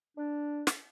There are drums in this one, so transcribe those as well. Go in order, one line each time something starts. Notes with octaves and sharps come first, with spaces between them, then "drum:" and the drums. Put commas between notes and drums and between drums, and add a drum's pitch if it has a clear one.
D4
drum: snare